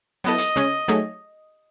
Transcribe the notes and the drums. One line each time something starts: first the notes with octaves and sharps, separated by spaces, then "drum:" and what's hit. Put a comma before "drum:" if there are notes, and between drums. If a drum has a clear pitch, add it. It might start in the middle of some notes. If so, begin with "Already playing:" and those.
F#3 B3 E4 A4 D#5, drum: open hi-hat
drum: hi-hat
C#3 G#3 C#4 G#4
F#3 A3 D#4 G#4 C#5